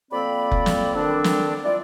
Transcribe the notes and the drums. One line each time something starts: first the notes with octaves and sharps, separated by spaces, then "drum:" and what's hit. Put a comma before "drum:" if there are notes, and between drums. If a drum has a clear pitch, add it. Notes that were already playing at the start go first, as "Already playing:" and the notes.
F2 A#3 C4 D5 B5
drum: kick F1
drum: snare
D3 D#3 C4 D4
drum: snare
E4 F4 D5